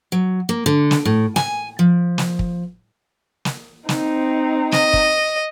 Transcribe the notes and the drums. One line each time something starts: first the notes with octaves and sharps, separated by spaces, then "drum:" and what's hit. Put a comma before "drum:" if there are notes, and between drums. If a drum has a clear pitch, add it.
F#3
A#3
D3
drum: snare
A2
G#5, drum: snare
F3
drum: snare
drum: kick
drum: snare
C4 D#4, drum: snare
D#5, drum: snare
drum: kick